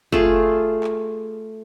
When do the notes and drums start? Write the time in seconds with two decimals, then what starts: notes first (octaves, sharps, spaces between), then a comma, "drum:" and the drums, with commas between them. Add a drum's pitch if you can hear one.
0.12 A3 F4 G#4, drum: kick
0.84 drum: clap